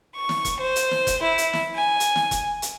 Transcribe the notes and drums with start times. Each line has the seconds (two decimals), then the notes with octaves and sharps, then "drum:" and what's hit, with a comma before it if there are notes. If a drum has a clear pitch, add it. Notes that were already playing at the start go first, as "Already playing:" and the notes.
0.14 C#6
0.29 drum: snare
0.45 drum: kick F1, hi-hat
0.61 C5
0.76 drum: hi-hat
0.91 drum: snare
1.07 drum: kick F1, hi-hat
1.22 E4
1.38 drum: hi-hat
1.53 drum: snare
1.75 G#5
2.00 drum: hi-hat
2.16 drum: snare
2.31 drum: kick F1, hi-hat
2.62 drum: hi-hat